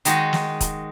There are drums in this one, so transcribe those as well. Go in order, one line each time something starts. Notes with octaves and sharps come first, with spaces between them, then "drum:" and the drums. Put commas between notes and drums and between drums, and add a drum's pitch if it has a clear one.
D#3 G#3 D#4 F#4, drum: hi-hat
drum: snare
drum: kick, hi-hat